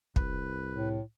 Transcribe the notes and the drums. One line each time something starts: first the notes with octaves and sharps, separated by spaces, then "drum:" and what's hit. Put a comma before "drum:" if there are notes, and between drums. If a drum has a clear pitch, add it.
C2 B4, drum: kick
A2